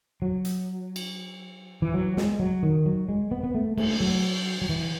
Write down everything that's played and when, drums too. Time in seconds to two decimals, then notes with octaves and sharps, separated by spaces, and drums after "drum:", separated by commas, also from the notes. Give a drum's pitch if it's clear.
0.22 F#3
0.45 drum: hi-hat
0.96 drum: cymbal
1.82 E3
1.94 F#3
2.17 G#3, drum: snare
2.39 F#3
2.63 D#3
2.86 F#3
3.09 G#3
3.31 B3
3.44 B3
3.55 A3
3.77 A3, drum: cymbal
4.00 F#3
4.62 F#3
4.69 E3